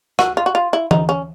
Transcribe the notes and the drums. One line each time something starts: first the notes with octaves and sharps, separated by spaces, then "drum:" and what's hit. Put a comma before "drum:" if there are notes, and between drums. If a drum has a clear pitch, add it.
F#4, drum: rim click
F4
F#4
F4
E4
D#4, drum: tom E3
C#4